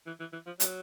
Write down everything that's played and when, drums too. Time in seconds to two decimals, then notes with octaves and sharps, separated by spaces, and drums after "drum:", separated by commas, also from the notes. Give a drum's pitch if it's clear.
0.07 E3
0.20 E3
0.33 E3
0.46 F3
0.60 F#3, drum: hi-hat